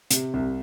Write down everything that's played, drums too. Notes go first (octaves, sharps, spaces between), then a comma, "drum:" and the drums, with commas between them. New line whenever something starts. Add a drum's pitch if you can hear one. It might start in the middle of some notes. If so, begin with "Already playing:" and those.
C3, drum: hi-hat
C2